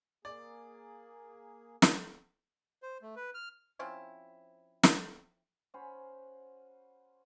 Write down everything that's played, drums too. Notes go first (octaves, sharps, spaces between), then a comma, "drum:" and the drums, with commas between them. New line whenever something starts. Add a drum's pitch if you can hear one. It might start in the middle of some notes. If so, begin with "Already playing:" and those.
A#3 G#4 D5
drum: snare
C5
A3
B4
F6
F3 C4 C#4 E4
drum: snare
C#4 F#4 C5 B5